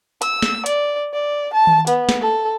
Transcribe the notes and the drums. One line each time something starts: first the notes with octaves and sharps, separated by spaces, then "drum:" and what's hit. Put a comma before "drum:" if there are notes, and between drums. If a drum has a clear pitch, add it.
E6, drum: hi-hat
drum: snare
D5, drum: hi-hat
D5
A5
drum: tom D#3
B3, drum: hi-hat
drum: snare
A4